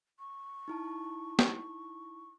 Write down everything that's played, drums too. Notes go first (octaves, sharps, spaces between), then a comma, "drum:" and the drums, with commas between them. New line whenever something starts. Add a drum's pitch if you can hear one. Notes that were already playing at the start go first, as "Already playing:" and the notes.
C#6
D#4 E4 A5
drum: snare